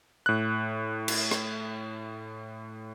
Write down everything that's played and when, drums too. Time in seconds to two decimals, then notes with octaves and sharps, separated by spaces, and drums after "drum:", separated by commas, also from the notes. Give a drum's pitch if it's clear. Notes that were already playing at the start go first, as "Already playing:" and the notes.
0.26 A2 F#6
1.08 drum: cymbal
1.31 drum: rim click